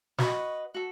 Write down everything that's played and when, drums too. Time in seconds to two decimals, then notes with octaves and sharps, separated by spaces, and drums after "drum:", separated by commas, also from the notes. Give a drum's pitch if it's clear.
0.18 F#4 B4 D#5 C#6, drum: snare
0.74 F#4 A4